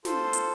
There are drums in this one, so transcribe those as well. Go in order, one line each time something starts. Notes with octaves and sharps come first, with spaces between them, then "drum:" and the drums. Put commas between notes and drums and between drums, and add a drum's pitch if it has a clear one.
F4 A4 C5, drum: snare
drum: hi-hat